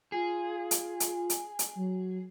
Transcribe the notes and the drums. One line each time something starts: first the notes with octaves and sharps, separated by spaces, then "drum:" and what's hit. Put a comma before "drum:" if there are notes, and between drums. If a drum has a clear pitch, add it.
F4 G#4
drum: hi-hat
drum: hi-hat
drum: hi-hat
drum: hi-hat
F#3